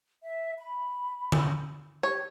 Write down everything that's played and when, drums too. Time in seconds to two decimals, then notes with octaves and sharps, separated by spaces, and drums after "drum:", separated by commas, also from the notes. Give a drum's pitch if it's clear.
0.23 E5
0.57 B5
1.32 drum: tom D3
2.03 G4 C#5